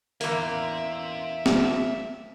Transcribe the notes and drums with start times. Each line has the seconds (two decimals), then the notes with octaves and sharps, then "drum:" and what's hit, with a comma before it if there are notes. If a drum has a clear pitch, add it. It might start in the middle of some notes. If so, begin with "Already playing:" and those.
0.21 E2 A#3 E5 C6, drum: open hi-hat
1.46 drum: snare